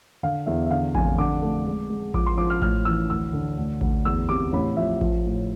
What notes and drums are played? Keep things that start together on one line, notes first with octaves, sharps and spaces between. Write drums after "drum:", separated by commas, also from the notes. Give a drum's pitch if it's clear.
D3 F5
E2 E5
E5
D3 F5
F1 G#5, drum: kick A1
D3 D6
A3
G#3
G#3
F3 D6, drum: kick A1
C6
F3 D6
F6
A2 F6, drum: kick A1
E3 E6
D2 E6
D3
D2
D2, drum: kick A1
E2 E6
C3 D6
A1 B5
F3 E5
F3, drum: kick A1
A2